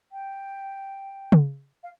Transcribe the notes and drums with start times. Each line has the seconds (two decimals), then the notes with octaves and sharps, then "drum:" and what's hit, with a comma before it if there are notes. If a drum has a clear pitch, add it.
0.12 G5
1.32 drum: tom C#3
1.83 F5